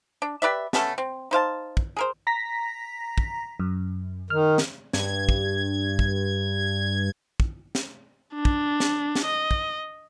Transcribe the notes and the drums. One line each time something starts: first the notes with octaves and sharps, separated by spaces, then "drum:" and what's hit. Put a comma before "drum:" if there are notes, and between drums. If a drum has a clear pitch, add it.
D4
G4 B4 D5 E5
A3 B3 C#4 A4, drum: snare
C4
D#4 C5 F5 A5
drum: kick
G#4 A#4 C5
A#5 A#6 B6
drum: kick
F#2
D#3 F6
drum: snare
G2 G#6, drum: snare
drum: kick
drum: kick
drum: kick
drum: snare
D4
drum: kick
drum: snare
drum: snare
D#5
drum: kick